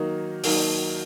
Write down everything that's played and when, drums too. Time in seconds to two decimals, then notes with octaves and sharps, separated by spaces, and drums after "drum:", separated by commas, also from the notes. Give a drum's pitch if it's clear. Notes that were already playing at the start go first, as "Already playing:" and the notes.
Already playing: D#3 F#3 A#3 D#4
0.44 D#3 F#3 A#3 D#4, drum: open hi-hat